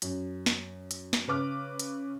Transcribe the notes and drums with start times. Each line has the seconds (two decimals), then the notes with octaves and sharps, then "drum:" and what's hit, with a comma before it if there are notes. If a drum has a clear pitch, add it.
0.02 F#2, drum: hi-hat
0.46 drum: snare
0.91 drum: hi-hat
1.13 drum: snare
1.28 C#3 B4 D6 F6
1.79 drum: hi-hat